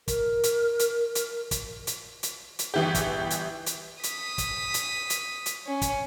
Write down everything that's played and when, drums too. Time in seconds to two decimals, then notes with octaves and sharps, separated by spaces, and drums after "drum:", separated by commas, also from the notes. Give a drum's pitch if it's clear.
0.08 A#4, drum: kick, hi-hat
0.43 drum: hi-hat
0.79 drum: hi-hat
1.15 drum: hi-hat
1.51 drum: kick, hi-hat
1.87 drum: hi-hat
2.23 drum: hi-hat
2.59 drum: hi-hat
2.74 G1 E3 G4
2.95 drum: kick, hi-hat
3.30 drum: hi-hat
3.66 drum: hi-hat
4.03 D#6 B6, drum: hi-hat
4.38 drum: kick, hi-hat
4.74 drum: hi-hat
5.10 drum: hi-hat
5.46 drum: hi-hat
5.67 C#4
5.82 drum: kick, hi-hat